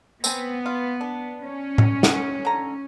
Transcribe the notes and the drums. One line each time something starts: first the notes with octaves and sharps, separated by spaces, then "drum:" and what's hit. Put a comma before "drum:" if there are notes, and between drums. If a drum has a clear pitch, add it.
B3 C4 G#5, drum: tambourine
F4
D4
C#4
drum: tom A2
F#5, drum: snare
D3 A#5